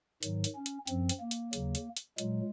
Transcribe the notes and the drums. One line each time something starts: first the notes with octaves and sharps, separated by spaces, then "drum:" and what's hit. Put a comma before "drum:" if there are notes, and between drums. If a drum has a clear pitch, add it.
G#2 D#3 F#3, drum: hi-hat
drum: hi-hat
C#4
drum: hi-hat
F#2 F3 C4, drum: hi-hat
drum: hi-hat
A#3
drum: hi-hat
D#2 C#3 F#3, drum: hi-hat
drum: hi-hat
drum: hi-hat
A#2 F#3 G#3, drum: hi-hat